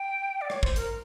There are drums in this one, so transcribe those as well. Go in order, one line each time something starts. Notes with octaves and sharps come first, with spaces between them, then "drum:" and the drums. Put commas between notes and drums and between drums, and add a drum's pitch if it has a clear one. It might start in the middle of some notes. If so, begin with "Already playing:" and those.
Already playing: G5
D5
C#5, drum: rim click
C5, drum: kick
A#4, drum: hi-hat